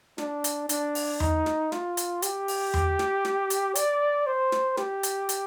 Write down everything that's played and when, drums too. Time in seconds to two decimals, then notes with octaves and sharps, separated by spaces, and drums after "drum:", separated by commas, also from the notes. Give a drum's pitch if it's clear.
0.18 D4, drum: snare
0.44 drum: hi-hat
0.69 D4, drum: hi-hat
0.95 drum: open hi-hat
1.20 D#4, drum: tom E2
1.46 drum: snare
1.72 F4, drum: snare
1.97 drum: hi-hat
2.22 G4, drum: hi-hat
2.48 drum: open hi-hat
2.74 drum: tom E2
2.99 drum: snare
3.25 drum: snare
3.50 drum: hi-hat
3.75 D5, drum: hi-hat
4.26 C5
4.52 drum: snare
4.77 G4, drum: snare
5.03 drum: hi-hat
5.29 drum: hi-hat